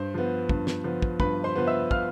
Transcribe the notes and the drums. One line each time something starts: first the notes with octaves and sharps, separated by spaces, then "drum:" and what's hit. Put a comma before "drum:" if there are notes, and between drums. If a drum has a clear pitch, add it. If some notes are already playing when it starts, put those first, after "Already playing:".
Already playing: G2 C5
F3 B3
G2, drum: kick
drum: snare
F3 B3
drum: kick
G2 B4 B5, drum: kick
C5 C6
F3 B3
E5 E6
F5 F6, drum: kick